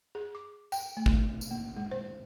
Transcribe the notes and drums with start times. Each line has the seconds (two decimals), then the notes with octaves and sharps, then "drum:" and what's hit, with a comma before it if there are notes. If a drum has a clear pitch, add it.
0.15 G#4
0.35 D6
0.72 G5, drum: tambourine
0.97 A3
1.06 drum: kick
1.41 drum: tambourine
1.51 A#3
1.76 G#3
1.91 C5